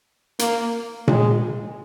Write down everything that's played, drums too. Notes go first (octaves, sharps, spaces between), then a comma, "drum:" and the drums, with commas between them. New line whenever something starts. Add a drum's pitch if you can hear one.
A#3, drum: hi-hat
G#3, drum: tom A#2